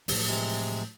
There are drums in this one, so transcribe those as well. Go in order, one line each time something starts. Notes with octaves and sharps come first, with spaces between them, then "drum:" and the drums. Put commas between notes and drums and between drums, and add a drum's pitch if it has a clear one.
A2 F3 F#3, drum: open hi-hat
C3 G#3